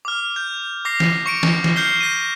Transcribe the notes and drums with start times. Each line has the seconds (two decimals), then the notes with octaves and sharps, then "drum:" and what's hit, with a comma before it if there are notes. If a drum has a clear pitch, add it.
0.05 D6 F6
0.36 G6
0.85 D6 A#6 C7
1.00 drum: snare
1.26 C#6 C#7 D7
1.43 drum: snare
1.64 drum: snare
1.76 F6 G6 C7 G7
2.01 A#6 D#7